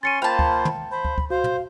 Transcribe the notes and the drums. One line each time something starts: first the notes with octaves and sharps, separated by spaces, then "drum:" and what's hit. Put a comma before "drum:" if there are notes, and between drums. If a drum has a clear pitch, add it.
C#4 C6 A6 C#7 D#7
A#3 F4 C5 F5 G5 A5 B5
drum: kick
drum: tom
C5 B5
drum: kick
drum: kick
F#4 C5 F5
drum: tom